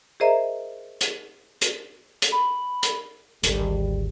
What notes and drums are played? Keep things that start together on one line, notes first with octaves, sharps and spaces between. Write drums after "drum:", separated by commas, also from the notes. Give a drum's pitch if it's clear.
G#4 A#4 C5 D#5 E5 A#5
drum: hi-hat
drum: hi-hat
drum: hi-hat
B5
drum: hi-hat
G#1 D2 G3, drum: hi-hat